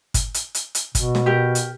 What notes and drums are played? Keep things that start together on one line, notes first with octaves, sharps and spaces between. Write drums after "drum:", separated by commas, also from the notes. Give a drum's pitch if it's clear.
drum: kick G1, hi-hat
drum: hi-hat
drum: hi-hat
drum: hi-hat
B2, drum: kick G1, hi-hat
drum: snare
G4 A#4
drum: hi-hat